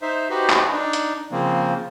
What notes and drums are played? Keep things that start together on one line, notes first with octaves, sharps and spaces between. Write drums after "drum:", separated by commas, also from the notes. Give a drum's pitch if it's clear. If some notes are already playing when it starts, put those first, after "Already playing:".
D#4 C5 E5
D#4 F#4 G4 B4 C5
drum: clap
D4 D#4
drum: hi-hat
C#3 F3 A#3 C4